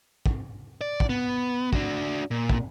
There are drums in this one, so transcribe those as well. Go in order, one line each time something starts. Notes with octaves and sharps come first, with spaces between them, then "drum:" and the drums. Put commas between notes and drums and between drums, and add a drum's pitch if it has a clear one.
drum: kick
D5
drum: kick
B3
D4 F#4, drum: kick
A#2
drum: kick